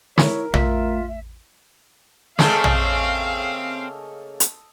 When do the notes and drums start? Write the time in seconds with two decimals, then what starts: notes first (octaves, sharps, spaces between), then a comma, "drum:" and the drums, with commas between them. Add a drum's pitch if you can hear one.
0.18 E4 A#4 C#5, drum: snare
0.54 A3 F4 E5, drum: tom A#1
2.39 C#3 A3 A#3 C4 A4 D#5 F5, drum: snare
2.64 drum: tom A#1
4.40 drum: hi-hat